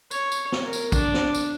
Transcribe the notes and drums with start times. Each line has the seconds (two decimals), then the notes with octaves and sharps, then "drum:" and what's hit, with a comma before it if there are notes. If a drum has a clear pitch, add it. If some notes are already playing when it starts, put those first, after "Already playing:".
0.11 C#5, drum: tambourine
0.32 drum: tambourine
0.52 drum: snare
0.63 A#4
0.73 drum: tambourine
0.92 D4, drum: kick, tambourine
1.14 drum: snare
1.35 drum: tambourine